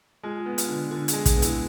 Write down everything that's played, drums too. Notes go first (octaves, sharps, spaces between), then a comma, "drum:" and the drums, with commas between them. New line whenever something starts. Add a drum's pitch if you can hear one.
G#3 F4
B3
F4, drum: hi-hat
D3
D3 F4
G#4, drum: hi-hat
G#3
G#4, drum: kick, hi-hat
B3
E4, drum: hi-hat